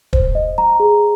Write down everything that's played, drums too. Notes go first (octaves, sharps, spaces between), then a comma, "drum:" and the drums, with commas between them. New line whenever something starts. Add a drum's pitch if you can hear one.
C5, drum: kick
D#5
A#5
G#4